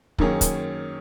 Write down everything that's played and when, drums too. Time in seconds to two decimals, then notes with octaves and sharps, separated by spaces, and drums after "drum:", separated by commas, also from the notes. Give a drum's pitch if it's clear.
0.18 F#2 D#3 A#3 C#4 G#4, drum: kick
0.41 drum: kick, hi-hat